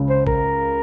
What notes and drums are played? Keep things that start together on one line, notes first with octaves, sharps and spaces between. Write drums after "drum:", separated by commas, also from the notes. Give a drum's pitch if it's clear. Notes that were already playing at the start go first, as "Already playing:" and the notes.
Already playing: C#2 C#3 G#3 C#4
C5
A#4, drum: kick